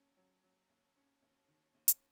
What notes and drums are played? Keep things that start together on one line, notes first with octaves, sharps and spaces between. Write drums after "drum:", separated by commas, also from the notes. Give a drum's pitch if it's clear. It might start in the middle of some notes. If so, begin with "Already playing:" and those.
Already playing: D#2 F#3 C#4
F#3
F#3
D#2
C#4
D#2
D#3
D#2
drum: hi-hat